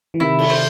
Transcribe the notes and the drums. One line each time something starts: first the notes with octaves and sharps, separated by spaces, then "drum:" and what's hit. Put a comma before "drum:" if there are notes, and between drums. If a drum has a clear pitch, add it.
E3
C3 D#3 E4
drum: cymbal
C5